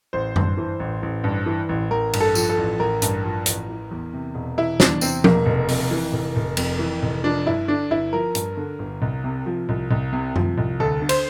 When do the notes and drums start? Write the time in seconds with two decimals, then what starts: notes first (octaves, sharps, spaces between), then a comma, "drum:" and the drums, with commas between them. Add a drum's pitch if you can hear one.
0.13 A1 C5
0.36 G2, drum: tom F#2
0.57 E3
0.80 A1
1.03 A1
1.24 G2
1.46 E3
1.69 A1
1.90 A1 A#4
2.13 G2, drum: cymbal
2.20 A4
2.35 F3, drum: tambourine
2.49 A4
2.58 A1
2.79 A1 A#4
3.02 G2, drum: hi-hat
3.25 F3
3.46 A1, drum: hi-hat
3.69 E3
3.91 E2
4.14 C3
4.35 E1
4.57 E3 E4
4.80 E2 D4, drum: snare
5.01 C3 C4, drum: tambourine
5.24 E1 A#3, drum: tom F3
5.46 F1
5.68 F2, drum: open hi-hat
5.91 E3
6.12 F1
6.36 F1
6.57 F2, drum: cymbal
6.79 E3
7.02 F1
7.23 F3 D4
7.46 G2 E4
7.68 D3 D4
7.90 G1 E4
8.13 F3 A#4
8.35 G2, drum: hi-hat
8.57 D3
8.79 G1
9.02 C2
9.24 C3
9.46 F3
9.69 C2
9.91 C2
10.13 C3
10.36 F3, drum: tom F#2
10.58 C2
10.80 D2 A4
11.02 D3
11.09 C5, drum: cymbal